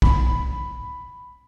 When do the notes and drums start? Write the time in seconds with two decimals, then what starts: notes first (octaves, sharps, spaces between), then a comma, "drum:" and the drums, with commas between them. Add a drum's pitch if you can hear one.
0.02 B5, drum: kick